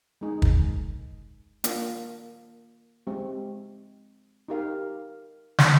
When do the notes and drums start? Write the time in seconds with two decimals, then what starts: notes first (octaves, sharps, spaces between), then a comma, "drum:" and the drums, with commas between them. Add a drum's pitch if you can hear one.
0.21 G#3 D#4 G#4
0.42 drum: kick
1.64 A#3 D4 F4, drum: hi-hat
3.07 G#3 C4 G4
4.48 D#4 G4 A#4 F5
5.58 drum: snare